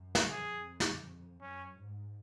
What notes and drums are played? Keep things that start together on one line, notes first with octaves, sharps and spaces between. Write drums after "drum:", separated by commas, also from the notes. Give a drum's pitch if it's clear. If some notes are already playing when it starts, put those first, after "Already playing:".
Already playing: F#2
drum: snare
F2 G#4
drum: snare
F#2 C#4
G#2